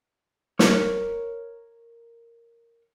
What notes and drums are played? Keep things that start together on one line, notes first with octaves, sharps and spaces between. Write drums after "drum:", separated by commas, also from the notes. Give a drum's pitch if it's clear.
A#4 C#5, drum: snare